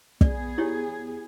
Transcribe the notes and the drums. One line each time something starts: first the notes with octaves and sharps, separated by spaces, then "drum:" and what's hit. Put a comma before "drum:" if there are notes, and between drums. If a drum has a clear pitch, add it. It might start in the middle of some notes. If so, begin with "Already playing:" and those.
B3 G#4 D5, drum: kick
E4 G4 C#5